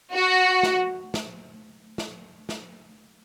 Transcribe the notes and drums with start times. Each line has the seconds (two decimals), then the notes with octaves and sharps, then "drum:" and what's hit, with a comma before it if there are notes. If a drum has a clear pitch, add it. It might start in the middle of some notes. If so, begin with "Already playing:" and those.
0.13 F#4
0.63 drum: snare
1.14 drum: snare
1.98 drum: snare
2.49 drum: snare